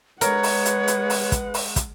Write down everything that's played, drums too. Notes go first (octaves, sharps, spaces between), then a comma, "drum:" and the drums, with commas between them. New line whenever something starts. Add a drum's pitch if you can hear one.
G#3 A#4 B4 C#5 F#5, drum: hi-hat
drum: open hi-hat
drum: hi-hat
drum: hi-hat
drum: open hi-hat
drum: kick, hi-hat
drum: open hi-hat
drum: kick, hi-hat